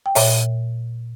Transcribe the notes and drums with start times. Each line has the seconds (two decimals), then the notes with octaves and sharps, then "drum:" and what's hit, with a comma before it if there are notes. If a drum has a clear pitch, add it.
0.06 G5
0.15 A#2 C#5 E5, drum: open hi-hat